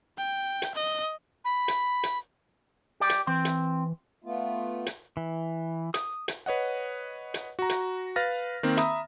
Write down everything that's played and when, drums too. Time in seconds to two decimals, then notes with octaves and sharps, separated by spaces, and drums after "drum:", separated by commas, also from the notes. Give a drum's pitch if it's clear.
0.18 G5
0.62 drum: hi-hat
0.75 D#5
1.45 B5
1.68 drum: hi-hat
2.03 drum: hi-hat
3.00 G4 D5
3.10 drum: hi-hat
3.27 E3 C4
3.45 drum: hi-hat
4.24 A3 B3 F4
4.86 drum: hi-hat
5.17 E3
5.94 D#6, drum: hi-hat
6.28 drum: hi-hat
6.46 B4 C#5 D#5 F#5
7.34 drum: hi-hat
7.59 F#4 A#5
7.69 drum: hi-hat
8.16 B4 F5 F6 A6 A#6
8.63 D#3 A#3 C4
8.77 E5 A#5 B5 D#6, drum: hi-hat